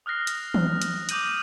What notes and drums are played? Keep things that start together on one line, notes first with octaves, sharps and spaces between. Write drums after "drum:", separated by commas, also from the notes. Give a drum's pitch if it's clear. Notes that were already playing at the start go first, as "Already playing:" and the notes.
D#6 F6 F#6 A#6 C7
drum: hi-hat
drum: tom E3
drum: hi-hat
D6 D#6 G6 D#7 F#7, drum: hi-hat